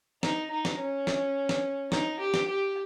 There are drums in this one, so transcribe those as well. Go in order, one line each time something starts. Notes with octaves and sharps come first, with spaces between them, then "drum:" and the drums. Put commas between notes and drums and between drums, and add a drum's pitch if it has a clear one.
D#4, drum: snare
D#4
drum: snare
C#4
drum: snare
drum: snare
D#4, drum: snare
G4
drum: snare
G4